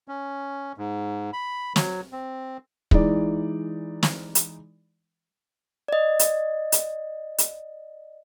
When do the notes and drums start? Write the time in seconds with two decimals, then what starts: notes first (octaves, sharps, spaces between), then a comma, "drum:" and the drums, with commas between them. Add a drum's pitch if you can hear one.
0.08 C#4
0.77 G#2
1.33 B5
1.76 F#3, drum: snare
2.12 C4
2.91 E3 G#3 D#4 D5, drum: kick
4.03 drum: snare
4.35 drum: hi-hat
5.88 D5 D#5
6.19 drum: hi-hat
6.72 drum: hi-hat
7.38 drum: hi-hat